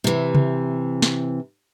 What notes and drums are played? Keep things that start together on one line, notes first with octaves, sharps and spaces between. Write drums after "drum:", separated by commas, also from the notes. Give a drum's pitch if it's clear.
C3 E3
drum: tom C3
drum: snare